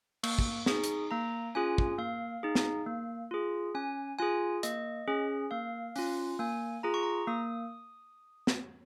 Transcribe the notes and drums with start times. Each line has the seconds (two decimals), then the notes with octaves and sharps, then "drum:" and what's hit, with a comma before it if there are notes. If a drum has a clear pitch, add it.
0.23 A#3 C#6, drum: cymbal
0.39 drum: kick
0.66 D#4 G#4 C#6, drum: snare
0.84 drum: hi-hat
1.11 A#3 A#5
1.55 C#4 F4 G#4 G#5
1.78 drum: kick
1.98 A#3 F5
2.43 D#4 G#4
2.55 drum: snare
2.86 A#3
3.31 F4 G#4
3.75 C#4 G#5
4.19 F4 G#4 G#5
4.63 A#3 D#5, drum: hi-hat
5.07 C#4 G#4
5.51 A#3 F5
5.96 C#4 F4, drum: open hi-hat
6.39 A#3 G#5
6.83 F4 G#4 A#5
6.94 C#6
7.03 A#5
7.27 A#3 D#6
8.47 drum: snare